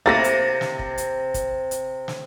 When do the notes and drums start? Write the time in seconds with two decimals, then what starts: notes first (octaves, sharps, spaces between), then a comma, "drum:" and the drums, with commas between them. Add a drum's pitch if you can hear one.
0.06 C3 E3 A3 A#3 E4 A6 A#6
0.24 drum: hi-hat
0.61 drum: snare
0.79 drum: kick
0.98 drum: hi-hat
1.34 drum: kick, hi-hat
1.71 drum: hi-hat
2.08 drum: snare